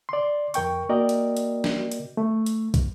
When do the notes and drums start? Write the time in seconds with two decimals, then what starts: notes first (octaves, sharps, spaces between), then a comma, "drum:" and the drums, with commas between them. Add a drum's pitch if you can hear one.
0.09 D5 C6
0.54 F2 A#4 G5 C#6, drum: hi-hat
0.89 A#3 F#4 A#4 D5 D#5 G5
1.09 drum: hi-hat
1.37 drum: hi-hat
1.64 drum: snare
1.91 drum: hi-hat
2.17 A3
2.46 drum: hi-hat
2.74 drum: kick, hi-hat